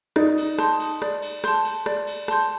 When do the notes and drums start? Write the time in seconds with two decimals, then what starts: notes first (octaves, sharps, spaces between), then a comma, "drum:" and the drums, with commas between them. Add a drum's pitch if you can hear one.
0.16 D#4 D5, drum: rim click
0.38 drum: cymbal
0.58 A5 C6 G6, drum: rim click
0.80 drum: cymbal
1.02 D5, drum: rim click
1.22 drum: cymbal
1.44 A5 C6 G6, drum: rim click
1.65 drum: cymbal
1.86 D5, drum: rim click
2.07 drum: cymbal
2.28 A5 C6 G6, drum: rim click